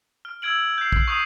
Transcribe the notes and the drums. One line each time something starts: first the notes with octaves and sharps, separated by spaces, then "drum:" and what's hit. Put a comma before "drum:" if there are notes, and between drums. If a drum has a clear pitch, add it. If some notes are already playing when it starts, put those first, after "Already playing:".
F6
E6 F6 G#6 D7 F#7
G6 C7
drum: kick
C#6 D#6 G6 C7